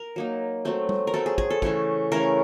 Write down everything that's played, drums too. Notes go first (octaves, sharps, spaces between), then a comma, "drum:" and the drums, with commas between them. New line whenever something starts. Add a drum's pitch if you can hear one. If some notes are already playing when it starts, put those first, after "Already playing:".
Already playing: A#4
F#3 A#3 D#4
F#3 A3 C4
drum: tom G3
A#4
F#3 A3 C4 A4
G#4
G#4, drum: kick
A4
C#3 E3 A3 C#4 A4, drum: kick
C#3 E3 A3 C#4 A#4